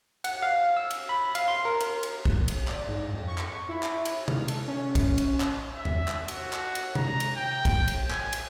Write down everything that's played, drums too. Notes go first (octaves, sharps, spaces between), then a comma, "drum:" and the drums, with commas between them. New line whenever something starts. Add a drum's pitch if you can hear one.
F#5, drum: cymbal
F5
E6
drum: cymbal
B5
F5, drum: cymbal
C6
A#4
drum: cymbal
drum: cymbal
drum: kick
drum: cymbal
D5, drum: clap
G#2
F2
C#6
drum: clap
E4
drum: clap
drum: cymbal
F6, drum: tom C3
A4, drum: cymbal
C#4
drum: kick, cymbal
drum: cymbal
drum: clap
E5
drum: tom E2
drum: clap
F#4, drum: cymbal
drum: clap
drum: cymbal
A#5, drum: tom C3
drum: cymbal
G5
drum: kick, cymbal
drum: cymbal
G#5, drum: clap
drum: cymbal